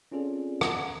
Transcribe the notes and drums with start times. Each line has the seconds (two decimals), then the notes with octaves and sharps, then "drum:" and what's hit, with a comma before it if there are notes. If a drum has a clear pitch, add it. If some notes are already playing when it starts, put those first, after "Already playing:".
0.12 C4 C#4 F4 G#4 A4 D5
0.61 F#5 A5 A#5 D#6, drum: rim click